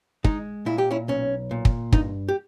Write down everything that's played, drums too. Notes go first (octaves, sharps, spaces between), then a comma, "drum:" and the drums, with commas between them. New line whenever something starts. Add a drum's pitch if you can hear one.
G#3 D#4, drum: kick
A#2 E4
G4
C#4 E4
B1 C#4
A#2
drum: kick
G2 D#4, drum: kick
G4